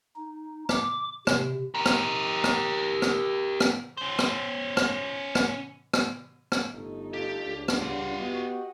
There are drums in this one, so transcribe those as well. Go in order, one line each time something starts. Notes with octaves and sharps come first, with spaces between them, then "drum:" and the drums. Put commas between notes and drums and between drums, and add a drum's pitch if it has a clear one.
D#4
D6, drum: rim click
C3, drum: rim click
G4 A#4
drum: rim click
drum: rim click
drum: rim click
drum: rim click
C#4 C5
drum: rim click
drum: rim click
drum: rim click
drum: rim click
drum: rim click
G1 A3 D#4
F4 G4 A4
C#2 D4
drum: rim click
G3 F4 F#5 C6
B3 F#4 G4 D#5